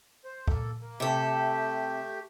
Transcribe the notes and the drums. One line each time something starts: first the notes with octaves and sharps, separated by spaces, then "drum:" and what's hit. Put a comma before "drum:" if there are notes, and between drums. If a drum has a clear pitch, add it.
C5
A#3 A4, drum: kick
A#3
C3 A3 G4 A4